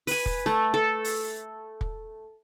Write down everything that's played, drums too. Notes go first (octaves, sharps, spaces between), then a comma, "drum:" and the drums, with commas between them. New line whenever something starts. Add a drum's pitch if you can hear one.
B4 G#5, drum: open hi-hat
drum: kick
A3, drum: snare
A4
drum: open hi-hat
drum: kick